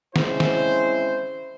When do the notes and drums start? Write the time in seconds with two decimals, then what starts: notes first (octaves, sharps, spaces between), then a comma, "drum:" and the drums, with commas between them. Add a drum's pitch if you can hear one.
0.16 G#3 C4 C#4 E4 G#4 C5, drum: snare
0.40 drum: snare